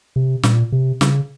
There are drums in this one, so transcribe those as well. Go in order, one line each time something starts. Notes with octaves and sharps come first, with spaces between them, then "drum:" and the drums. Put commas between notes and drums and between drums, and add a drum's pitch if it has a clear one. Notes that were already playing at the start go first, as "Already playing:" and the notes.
C3
A#2, drum: snare
C3
C#3, drum: snare